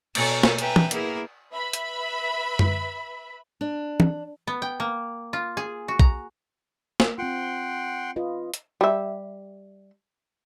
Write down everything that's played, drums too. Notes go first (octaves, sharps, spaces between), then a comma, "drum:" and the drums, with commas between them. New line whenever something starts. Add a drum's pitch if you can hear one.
B2 A4 C#5 G#5 A#5, drum: cymbal
drum: snare
B4 E5 G5 G#5 A#5, drum: hi-hat
drum: tom
A#3 B3 E4 G#4 A#4, drum: hi-hat
B4 E5 B5
drum: hi-hat
drum: tom F#2
D4
drum: tom
B3
G5
A#3
F4
G#4
F#4
A#5, drum: kick
drum: snare
C4 F4 F#5 G5 C6
F4 B4 D#5
drum: hi-hat
G3 E5